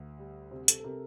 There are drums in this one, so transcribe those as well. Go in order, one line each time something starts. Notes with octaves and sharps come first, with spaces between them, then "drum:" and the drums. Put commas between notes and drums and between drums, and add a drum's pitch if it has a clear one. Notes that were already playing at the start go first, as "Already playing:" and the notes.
Already playing: D2
G3
C3 C5
A4, drum: hi-hat
A4
C3 A#4